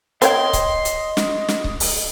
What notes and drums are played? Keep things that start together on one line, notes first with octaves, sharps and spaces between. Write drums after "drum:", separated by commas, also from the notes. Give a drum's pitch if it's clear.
C4 C#5 D#5 G5 C6, drum: hi-hat
drum: kick C#1, hi-hat
drum: hi-hat
drum: snare
drum: snare
drum: kick C#1
drum: open hi-hat